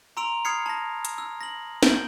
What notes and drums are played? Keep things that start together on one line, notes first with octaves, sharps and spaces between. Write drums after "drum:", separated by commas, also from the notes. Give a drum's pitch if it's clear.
A#5 C6 E6 D7 F7
B5 D#6 F6 G#6 C7 C#7
A5 A#6
drum: hi-hat
E6
A#6 F#7
G6 D7 F#7 G7, drum: snare